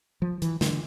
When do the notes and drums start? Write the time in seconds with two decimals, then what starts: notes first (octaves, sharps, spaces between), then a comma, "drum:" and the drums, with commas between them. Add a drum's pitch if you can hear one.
0.22 F3
0.42 E3, drum: hi-hat
0.61 D3, drum: snare